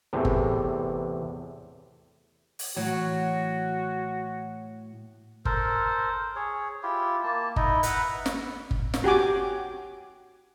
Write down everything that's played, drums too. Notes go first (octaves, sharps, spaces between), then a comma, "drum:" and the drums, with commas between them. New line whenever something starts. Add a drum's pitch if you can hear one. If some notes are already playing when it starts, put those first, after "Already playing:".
E2 A2 C3
drum: kick G1
drum: open hi-hat
A2 E3 F#3 F#4 G#6
A4 A#4 C5, drum: kick G1
G#4 C#5
E4 F4 G4
A#3 A5
D#4 E4 D#5, drum: kick G1
B4 E5 F#5 A#5, drum: hi-hat
drum: snare
drum: kick G1
drum: snare
F#4 G4 G#5 D6